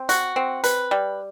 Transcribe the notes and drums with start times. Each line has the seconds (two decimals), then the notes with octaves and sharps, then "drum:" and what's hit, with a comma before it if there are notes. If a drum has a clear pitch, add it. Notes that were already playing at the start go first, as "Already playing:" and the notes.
Already playing: C4
0.09 F#4, drum: hi-hat
0.36 C4
0.64 B4, drum: hi-hat
0.91 G3